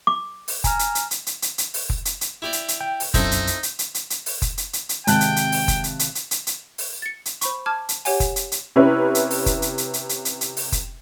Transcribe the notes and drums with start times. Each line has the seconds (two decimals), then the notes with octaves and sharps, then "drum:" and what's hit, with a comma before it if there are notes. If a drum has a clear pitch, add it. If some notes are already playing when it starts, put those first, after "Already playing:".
0.07 D6
0.48 drum: open hi-hat
0.64 G#5 A#5 F6, drum: kick F1, hi-hat
0.79 drum: hi-hat
0.95 drum: hi-hat
1.11 drum: hi-hat
1.27 drum: hi-hat
1.42 drum: hi-hat
1.58 drum: hi-hat
1.74 drum: open hi-hat
1.90 drum: kick F1
2.05 drum: hi-hat
2.21 drum: hi-hat
2.42 E4 G4 D5
2.53 drum: hi-hat
2.68 drum: hi-hat
2.81 G5
3.00 drum: open hi-hat
3.14 B1 F#2 C4 D#4 E4 A4, drum: kick F1, hi-hat
3.31 drum: hi-hat
3.47 drum: hi-hat
3.63 drum: hi-hat
3.79 drum: hi-hat
3.94 drum: hi-hat
4.10 drum: hi-hat
4.26 drum: open hi-hat
4.42 drum: kick F1, hi-hat
4.58 drum: hi-hat
4.73 drum: hi-hat
4.89 drum: hi-hat
5.07 G#1 C3 G#3 G5 A5 F#6, drum: hi-hat
5.21 drum: hi-hat
5.36 drum: hi-hat
5.52 drum: open hi-hat
5.68 drum: kick F1, hi-hat
5.84 drum: hi-hat
5.99 drum: hi-hat
6.15 drum: hi-hat
6.31 drum: hi-hat
6.47 drum: hi-hat
6.78 drum: open hi-hat
7.02 A6 C#7
7.26 drum: hi-hat
7.41 C5 B5 C#6, drum: hi-hat
7.66 A5 D6 F6 G#6
7.89 drum: hi-hat
8.05 G4 C#5 F#5 G#5, drum: open hi-hat
8.20 drum: kick F1, hi-hat
8.36 drum: hi-hat
8.52 drum: hi-hat
8.76 C3 C#4 E4 B4
9.15 drum: hi-hat
9.30 drum: open hi-hat
9.46 drum: kick F1, hi-hat
9.62 drum: hi-hat
9.78 drum: hi-hat
9.94 drum: hi-hat
10.09 drum: hi-hat
10.25 drum: hi-hat
10.41 drum: hi-hat
10.57 drum: open hi-hat
10.72 drum: kick F1, hi-hat